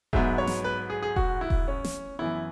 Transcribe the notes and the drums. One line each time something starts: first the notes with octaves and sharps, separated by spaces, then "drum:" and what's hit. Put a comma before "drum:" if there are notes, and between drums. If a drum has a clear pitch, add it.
G#2 F#3 B3 E5, drum: kick E1
C#5
drum: snare
B4
G#4
G#4
F#4, drum: kick E1
E4
drum: kick E1
C#4
drum: snare
F#2 E3 B3 E4